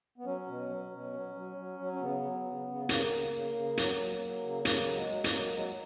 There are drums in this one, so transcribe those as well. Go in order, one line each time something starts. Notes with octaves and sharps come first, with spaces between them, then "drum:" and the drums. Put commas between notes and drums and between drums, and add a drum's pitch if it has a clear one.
B3
F#3 C#4
B2
F#3
B2
F#3
F#3
F#3
F#3
C#4
C#3 B3
F#3
C#3
C#3
B3
C#3 A#3, drum: hi-hat
C#3
C#3
C#3
F#3, drum: hi-hat
F#3
F#3
C#3
C#3 A#3, drum: hi-hat
F#3
G#3
F#3
A#3, drum: hi-hat
F#3
F#3 G#3